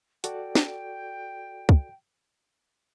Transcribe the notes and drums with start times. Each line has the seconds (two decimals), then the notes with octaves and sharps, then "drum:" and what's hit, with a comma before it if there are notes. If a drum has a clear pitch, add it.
0.24 F#4 A4 D5 G5, drum: hi-hat
0.55 drum: snare
1.69 drum: kick